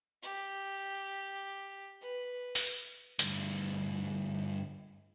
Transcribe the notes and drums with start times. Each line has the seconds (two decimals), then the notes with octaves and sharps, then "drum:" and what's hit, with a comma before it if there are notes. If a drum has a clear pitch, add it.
0.22 G4
2.02 B4
2.55 drum: open hi-hat
3.19 D2 G2, drum: hi-hat